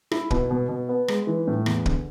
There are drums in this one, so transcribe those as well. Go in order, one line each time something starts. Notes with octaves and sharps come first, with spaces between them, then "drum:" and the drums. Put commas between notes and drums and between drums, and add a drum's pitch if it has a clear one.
E4, drum: rim click
B2, drum: kick
B2
B2
B3
G#3, drum: rim click
E3
A2
E2, drum: rim click
D3, drum: kick